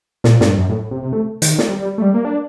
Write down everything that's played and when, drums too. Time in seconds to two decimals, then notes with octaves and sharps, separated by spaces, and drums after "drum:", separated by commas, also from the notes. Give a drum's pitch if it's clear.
0.24 A#2, drum: snare
0.41 G2, drum: snare
0.57 F#2
0.69 A2
0.91 C3
1.03 C3
1.13 A3
1.42 D#3, drum: hi-hat
1.58 D#3, drum: snare
1.69 G3
1.80 G3
1.98 A3
2.02 G3
2.14 A#3
2.25 D4